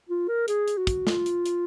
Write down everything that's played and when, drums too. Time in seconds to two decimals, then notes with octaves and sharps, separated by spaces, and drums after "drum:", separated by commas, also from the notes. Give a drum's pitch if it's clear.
0.09 F4
0.28 A#4
0.48 G#4, drum: hi-hat
0.68 drum: hi-hat
0.77 F#4
0.87 drum: kick, hi-hat
1.07 F4, drum: snare
1.26 drum: hi-hat
1.46 drum: hi-hat